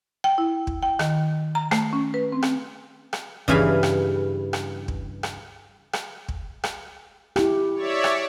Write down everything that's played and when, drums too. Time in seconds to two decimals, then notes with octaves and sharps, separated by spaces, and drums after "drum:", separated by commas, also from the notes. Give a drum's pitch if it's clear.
0.24 G5
0.38 E4
0.67 drum: kick
0.83 G5
0.99 D#3, drum: rim click
1.55 A#5
1.71 A3, drum: rim click
1.93 C#4
2.14 B4
2.32 C4
2.42 drum: rim click
3.13 drum: rim click
3.48 G2 C#3 E3 F5 G#5 B5, drum: kick
3.83 drum: rim click
4.53 drum: rim click
4.88 drum: kick
5.23 drum: rim click
5.93 drum: rim click
6.28 drum: kick
6.64 drum: rim click
7.36 E4 G4, drum: rim click
7.74 C#5 D5 E5
8.04 drum: rim click